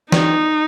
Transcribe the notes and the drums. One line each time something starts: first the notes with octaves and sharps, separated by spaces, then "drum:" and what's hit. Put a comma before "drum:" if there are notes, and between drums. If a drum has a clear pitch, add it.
D#4, drum: snare